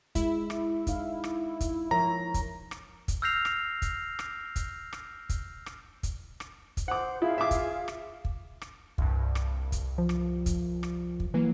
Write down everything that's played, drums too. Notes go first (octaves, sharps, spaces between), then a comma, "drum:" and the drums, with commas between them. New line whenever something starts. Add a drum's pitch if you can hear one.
G#3 E4, drum: kick, hi-hat
drum: rim click
D#4 F5, drum: kick, hi-hat
drum: rim click
drum: kick, hi-hat
F3 A#4 C#5 A#5
drum: kick, hi-hat
drum: rim click
drum: kick, hi-hat
E6 F6 G6 A#6 C7 F7
drum: rim click
drum: kick, hi-hat
drum: rim click
drum: kick, hi-hat
drum: rim click
drum: kick, hi-hat
drum: rim click
drum: kick, hi-hat
drum: rim click
drum: kick, hi-hat
C5 F#5 D6
E4 F4 G#4 F5
E5 D6
drum: kick, hi-hat
drum: rim click
drum: kick
drum: rim click
C2 G2, drum: kick
drum: rim click
drum: kick, hi-hat
F3
drum: rim click
drum: kick, hi-hat
drum: rim click
drum: kick
E3 F#3 A#3